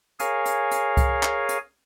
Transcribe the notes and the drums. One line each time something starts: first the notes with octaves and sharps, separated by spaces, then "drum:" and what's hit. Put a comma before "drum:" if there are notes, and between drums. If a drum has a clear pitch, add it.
G#4 A#4 C#5 F5 G#5, drum: hi-hat
drum: hi-hat
drum: hi-hat
drum: kick C2, hi-hat
drum: clap
drum: hi-hat